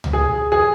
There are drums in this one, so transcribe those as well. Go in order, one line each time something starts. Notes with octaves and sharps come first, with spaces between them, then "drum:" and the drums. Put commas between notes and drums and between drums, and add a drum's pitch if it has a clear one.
drum: tom C#2
G#4
G#4